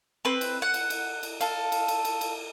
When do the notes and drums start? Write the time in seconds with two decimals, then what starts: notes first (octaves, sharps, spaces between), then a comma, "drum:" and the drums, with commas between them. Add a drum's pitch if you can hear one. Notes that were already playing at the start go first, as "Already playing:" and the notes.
0.25 C4 B4
0.41 drum: cymbal
0.62 F#5
0.74 drum: cymbal
0.90 drum: cymbal
1.23 drum: cymbal
1.41 A4 F5, drum: cymbal
1.72 drum: cymbal
1.88 drum: cymbal
2.05 drum: cymbal
2.21 drum: cymbal